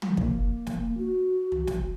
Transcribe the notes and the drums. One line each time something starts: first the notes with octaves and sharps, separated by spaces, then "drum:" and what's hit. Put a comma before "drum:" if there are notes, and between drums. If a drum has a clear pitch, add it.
drum: tom
A#3, drum: kick
drum: snare
F#4
drum: tom
drum: snare